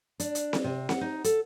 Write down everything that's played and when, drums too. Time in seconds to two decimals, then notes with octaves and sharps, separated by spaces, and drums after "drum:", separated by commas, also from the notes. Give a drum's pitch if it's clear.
0.20 D4, drum: hi-hat
0.35 drum: hi-hat
0.53 drum: snare C4
0.64 C3
0.89 F#5, drum: snare C4
1.01 D#4
1.24 A4, drum: hi-hat